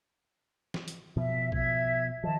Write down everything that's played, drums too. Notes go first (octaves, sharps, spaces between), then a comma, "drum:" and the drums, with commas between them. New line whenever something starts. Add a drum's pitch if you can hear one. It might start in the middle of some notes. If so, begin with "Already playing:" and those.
drum: snare E3
drum: hi-hat
B2 F3 E5
E5 G#6, drum: kick
D#3 F3 D#5 A5